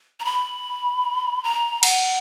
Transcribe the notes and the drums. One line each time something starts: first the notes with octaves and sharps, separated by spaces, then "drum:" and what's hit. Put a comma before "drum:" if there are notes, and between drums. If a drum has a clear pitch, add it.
A#5
B5
A#5
F#5, drum: cymbal